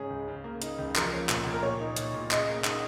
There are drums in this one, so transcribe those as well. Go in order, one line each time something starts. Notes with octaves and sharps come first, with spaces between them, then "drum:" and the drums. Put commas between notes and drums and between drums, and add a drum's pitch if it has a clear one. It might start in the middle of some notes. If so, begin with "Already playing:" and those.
Already playing: G#2 C#3 G#3 C#4 G#4
C#2
C#3
A#3
D#4, drum: hi-hat
C#2
F3 A#4, drum: clap
C#4
A#2, drum: clap
A#2
A#4
A#3 C#5
D#4
A#2, drum: hi-hat
A#2
C#3 D#5, drum: clap
A#3
D#4, drum: clap